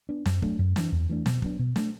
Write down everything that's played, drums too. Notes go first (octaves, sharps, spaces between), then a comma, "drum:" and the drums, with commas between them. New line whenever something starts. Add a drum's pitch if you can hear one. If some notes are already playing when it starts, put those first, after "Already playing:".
B3 D4
F#2, drum: snare
F#3 A3 D4, drum: kick
F#2
E3 D4, drum: snare
E2
E3 A3 D4
B2, drum: snare
F#3 B3 D4, drum: kick
B2
A3 D4, drum: snare